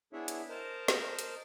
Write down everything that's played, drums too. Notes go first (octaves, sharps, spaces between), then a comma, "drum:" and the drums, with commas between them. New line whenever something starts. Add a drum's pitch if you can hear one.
B3 D4 E4 G#4 C#5 E5
drum: hi-hat
A#4 C5 D#5 A5 A#5
drum: snare
drum: hi-hat